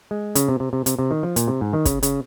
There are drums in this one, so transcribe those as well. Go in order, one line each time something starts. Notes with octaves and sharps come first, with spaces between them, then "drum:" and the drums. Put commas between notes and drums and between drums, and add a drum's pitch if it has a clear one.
G#3
C#3, drum: hi-hat
C3
C3
C3
C3, drum: hi-hat
C3
D#3
F3
A#2, drum: hi-hat
C3
G#2
D#3
C#3, drum: kick, hi-hat
C#3, drum: hi-hat